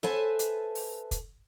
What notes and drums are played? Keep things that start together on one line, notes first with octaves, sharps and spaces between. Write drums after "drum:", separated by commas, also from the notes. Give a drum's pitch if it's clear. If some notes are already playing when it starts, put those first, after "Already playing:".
A4 B4 C5 E5 G#5 A5, drum: snare
drum: hi-hat
drum: open hi-hat
drum: kick, hi-hat